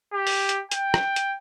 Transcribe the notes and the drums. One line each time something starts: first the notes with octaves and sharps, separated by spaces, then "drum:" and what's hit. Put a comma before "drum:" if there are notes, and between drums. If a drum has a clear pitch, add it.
G4
drum: open hi-hat
drum: hi-hat
G5, drum: hi-hat
drum: rim click
drum: hi-hat